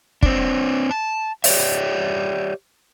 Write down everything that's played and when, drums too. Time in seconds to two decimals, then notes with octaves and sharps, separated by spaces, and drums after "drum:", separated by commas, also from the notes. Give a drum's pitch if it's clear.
0.22 C4 D4, drum: kick
0.91 A5
1.44 G4 C#5 D5 E5, drum: open hi-hat